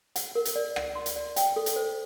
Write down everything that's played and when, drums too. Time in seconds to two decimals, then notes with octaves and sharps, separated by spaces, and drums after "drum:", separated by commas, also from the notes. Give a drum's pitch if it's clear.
0.16 F#5, drum: hi-hat
0.35 A#4
0.45 drum: hi-hat
0.56 D5
0.76 F#5, drum: rim click
0.95 C6
1.06 drum: hi-hat
1.16 D5
1.36 G5, drum: hi-hat
1.56 A4
1.66 drum: hi-hat
1.76 C5